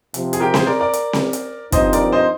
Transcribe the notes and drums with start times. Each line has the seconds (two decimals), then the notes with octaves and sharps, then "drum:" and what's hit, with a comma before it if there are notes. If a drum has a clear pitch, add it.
0.14 C3 F3 C4, drum: hi-hat
0.33 G#4, drum: hi-hat
0.40 G4 A#4
0.54 G#4 C5, drum: snare C4
0.67 A#4 D5
0.80 A#4 D5
0.93 drum: hi-hat
1.13 drum: snare C4
1.33 drum: hi-hat
1.72 G2 F3 C4 D#4 C5 D#5, drum: kick, hi-hat
1.83 D#5
1.93 A#4 D5, drum: hi-hat
2.12 C5 D#5